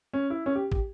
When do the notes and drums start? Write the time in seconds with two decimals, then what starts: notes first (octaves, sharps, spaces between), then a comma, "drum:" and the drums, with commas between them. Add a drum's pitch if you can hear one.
0.13 C#4
0.30 E4
0.46 C#4
0.55 G4
0.72 G4, drum: kick